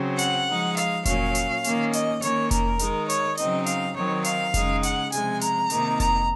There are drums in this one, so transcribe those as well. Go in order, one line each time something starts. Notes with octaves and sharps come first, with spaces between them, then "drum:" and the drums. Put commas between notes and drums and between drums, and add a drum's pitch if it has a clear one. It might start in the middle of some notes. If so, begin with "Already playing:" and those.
Already playing: C#3 F#3 C4
F#5, drum: hi-hat
F3 G#3 D#4
F5, drum: hi-hat
A#2 F#3 C#4 F5, drum: kick F1, hi-hat
drum: hi-hat
D#3 A#3 C#4, drum: hi-hat
D#5, drum: hi-hat
D#3 A#3 C#4 C#5, drum: hi-hat
A#4, drum: kick F1, hi-hat
D#3 G#3 D#4, drum: hi-hat
C#5, drum: hi-hat
C#3 F#3 C4 D#4 D#5, drum: hi-hat
F5, drum: hi-hat
D#3 F#3 C4 D#4 C#5
F5, drum: hi-hat
C#3 G#3 D#4, drum: kick F1, hi-hat
F#5, drum: hi-hat
C3 F3 G#3 G#5, drum: hi-hat
A#5, drum: hi-hat
C3 D#3 A#3 D#4, drum: hi-hat
A#5, drum: kick F1, hi-hat